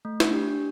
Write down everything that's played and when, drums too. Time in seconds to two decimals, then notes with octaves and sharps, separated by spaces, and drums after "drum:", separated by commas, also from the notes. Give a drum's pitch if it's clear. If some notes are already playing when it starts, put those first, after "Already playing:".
0.05 A3
0.20 drum: snare
0.31 D4 G4